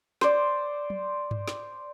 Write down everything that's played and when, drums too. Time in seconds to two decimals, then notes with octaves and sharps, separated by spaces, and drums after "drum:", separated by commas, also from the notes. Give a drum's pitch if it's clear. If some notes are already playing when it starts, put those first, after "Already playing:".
0.21 C5 D5, drum: snare
0.90 drum: tom
1.31 drum: tom G2
1.48 drum: snare